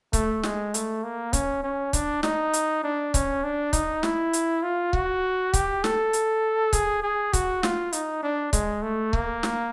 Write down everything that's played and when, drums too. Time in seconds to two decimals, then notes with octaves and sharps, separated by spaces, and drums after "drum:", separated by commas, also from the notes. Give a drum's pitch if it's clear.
0.13 A3, drum: kick C#1, hi-hat
0.43 G#3, drum: snare
0.74 A3, drum: hi-hat
1.04 A#3
1.33 C#4, drum: kick C#1, hi-hat
1.63 C#4
1.93 D4, drum: kick C#1, hi-hat
2.23 D#4, drum: snare
2.53 drum: hi-hat
2.84 D4
3.14 C#4, drum: kick C#1, hi-hat
3.44 D4
3.73 D#4, drum: kick C#1, hi-hat
4.03 E4, drum: snare
4.33 drum: hi-hat
4.63 F4
4.93 F#4, drum: kick C#1
5.54 G4, drum: kick C#1, hi-hat
5.84 A4, drum: snare
6.13 drum: hi-hat
6.73 G#4, drum: kick C#1, hi-hat
7.03 G#4
7.33 F#4, drum: kick C#1, hi-hat
7.63 F4, drum: snare
7.93 D#4, drum: hi-hat
8.23 D4
8.53 G#3, drum: kick C#1, hi-hat
8.83 A3
9.13 A#3, drum: kick C#1
9.43 drum: snare